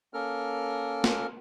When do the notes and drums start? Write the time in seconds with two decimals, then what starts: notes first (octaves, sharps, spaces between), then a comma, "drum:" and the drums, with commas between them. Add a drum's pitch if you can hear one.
0.14 A#3 C#4 A4 A#4 F6
1.04 drum: snare